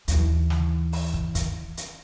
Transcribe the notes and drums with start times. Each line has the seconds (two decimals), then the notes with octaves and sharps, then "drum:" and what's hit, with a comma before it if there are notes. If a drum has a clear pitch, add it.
0.08 D#2 E3, drum: hi-hat
0.50 drum: snare
0.93 drum: open hi-hat
1.14 drum: kick
1.35 drum: kick, hi-hat
1.77 drum: hi-hat